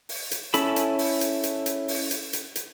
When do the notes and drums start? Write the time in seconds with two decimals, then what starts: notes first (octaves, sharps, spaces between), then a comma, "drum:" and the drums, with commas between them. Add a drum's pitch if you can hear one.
0.09 drum: open hi-hat
0.31 drum: hi-hat
0.54 C#4 E4 A4 B5, drum: hi-hat
0.76 drum: hi-hat
0.99 drum: open hi-hat
1.21 drum: hi-hat
1.43 drum: hi-hat
1.66 drum: hi-hat
1.88 drum: open hi-hat
2.11 drum: hi-hat
2.33 drum: hi-hat
2.56 drum: hi-hat